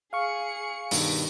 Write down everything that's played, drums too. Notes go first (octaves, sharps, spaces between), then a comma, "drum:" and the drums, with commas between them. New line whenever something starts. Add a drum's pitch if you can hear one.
G#4 F5 C#6 C#7
G2 B2 D#3, drum: open hi-hat